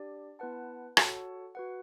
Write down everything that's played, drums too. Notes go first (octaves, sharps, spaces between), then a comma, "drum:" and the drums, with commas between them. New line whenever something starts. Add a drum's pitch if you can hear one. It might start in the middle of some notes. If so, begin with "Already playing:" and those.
Already playing: D4 G4 D5
B3 E4 B4 F#5 A5
F#4 A4 C#5 F#5 A5, drum: rim click
F#4 B4 F#5